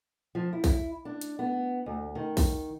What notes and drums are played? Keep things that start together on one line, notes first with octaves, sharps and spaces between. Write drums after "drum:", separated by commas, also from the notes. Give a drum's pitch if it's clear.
F3
E4
drum: kick, open hi-hat
D4
drum: hi-hat
B3
D2
D#3
drum: kick, open hi-hat